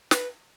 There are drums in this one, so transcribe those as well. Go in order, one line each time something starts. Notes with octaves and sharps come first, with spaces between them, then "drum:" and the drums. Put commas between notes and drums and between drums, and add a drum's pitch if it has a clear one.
B4, drum: snare